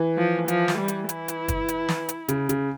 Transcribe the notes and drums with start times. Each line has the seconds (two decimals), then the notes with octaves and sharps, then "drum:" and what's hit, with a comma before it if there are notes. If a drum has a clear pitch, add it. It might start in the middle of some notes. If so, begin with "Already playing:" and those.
Already playing: E3
0.18 F3
0.48 F3, drum: hi-hat
0.68 drum: snare
0.78 G3
0.88 drum: hi-hat
1.09 E4, drum: hi-hat
1.28 drum: hi-hat
1.48 drum: kick, hi-hat
1.68 drum: hi-hat
1.89 drum: snare
2.09 drum: hi-hat
2.28 C#3, drum: hi-hat
2.49 C#3, drum: hi-hat